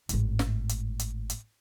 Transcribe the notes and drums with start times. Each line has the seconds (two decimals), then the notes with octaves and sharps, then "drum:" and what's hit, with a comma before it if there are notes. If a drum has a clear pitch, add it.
0.09 G#1 A2, drum: hi-hat
0.39 drum: snare
0.69 drum: hi-hat
0.99 drum: hi-hat
1.30 drum: hi-hat